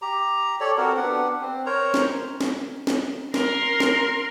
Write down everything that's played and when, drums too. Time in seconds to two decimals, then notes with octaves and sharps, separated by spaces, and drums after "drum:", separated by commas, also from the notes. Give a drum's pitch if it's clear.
0.02 G4 A#5
0.60 G4 A4 C#5 D5
0.77 C4 F#4 A4 A#4
0.97 B3 D4 G4 F#5
1.41 C4
1.66 A#4 C5 C#5 A#5
1.94 drum: snare
2.41 drum: snare
2.87 drum: snare
3.34 A#4 C6, drum: snare
3.80 drum: snare